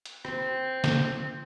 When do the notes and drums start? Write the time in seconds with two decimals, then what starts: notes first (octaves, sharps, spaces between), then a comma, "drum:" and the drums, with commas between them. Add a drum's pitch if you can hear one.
0.06 drum: hi-hat
0.25 C4, drum: rim click
0.84 drum: snare